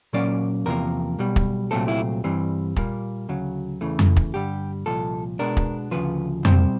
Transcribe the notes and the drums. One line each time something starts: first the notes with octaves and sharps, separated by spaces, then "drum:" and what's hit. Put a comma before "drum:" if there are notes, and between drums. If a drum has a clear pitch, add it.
A#2 F#3 A#3 C#4 D5
E2 C3 F3 A#3 A#4
B1 B2 G3
drum: kick
C2 A#2 F#3 A3 C4 A4
E4
G2 E3 G3 C4
A#2 G3 A#3, drum: kick
D2 C#3 F#3
E2 C#3 E3 A3
drum: tom F2
drum: kick
G2 D3 G3 G4
C2 A#2 F3 A4
B2 G#3 B3 D4 A#4
drum: kick
D2 C#3 F3 B4
B2 G3 C4 C5, drum: tom F2